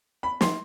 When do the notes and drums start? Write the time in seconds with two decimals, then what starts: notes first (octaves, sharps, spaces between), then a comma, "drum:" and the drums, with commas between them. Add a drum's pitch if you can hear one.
0.23 B5
0.41 C6, drum: snare